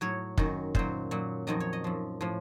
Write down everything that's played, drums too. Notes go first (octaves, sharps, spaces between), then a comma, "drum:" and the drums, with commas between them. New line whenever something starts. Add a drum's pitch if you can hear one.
A2 F#3 C#5
F#2 D#3 F#3, drum: kick
A#2 F#3 C5, drum: kick
A#2 F#3
F2 D#3 F#3 D#5
C#5
D#5
F#2 F3
A2 F3